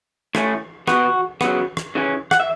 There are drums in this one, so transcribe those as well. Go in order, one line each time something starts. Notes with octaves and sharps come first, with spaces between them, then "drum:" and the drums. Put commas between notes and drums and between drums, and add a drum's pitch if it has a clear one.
A2 A3 C#4, drum: rim click
B2 B3 F#4, drum: rim click
C#3 F#3 B3, drum: rim click
drum: rim click
C#3 E3 C#4
F#5, drum: rim click
E5